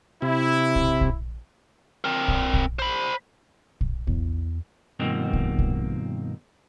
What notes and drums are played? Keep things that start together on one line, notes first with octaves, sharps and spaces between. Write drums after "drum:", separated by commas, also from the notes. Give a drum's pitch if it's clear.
C3 E4
drum: kick A#1
drum: kick A#1
C4 A#4
drum: kick A#1
drum: kick A#1
C5 B5
drum: kick A#1
E2, drum: kick A#1
G2 B2 D#3 F3 A#3 C4
drum: kick A#1
drum: kick A#1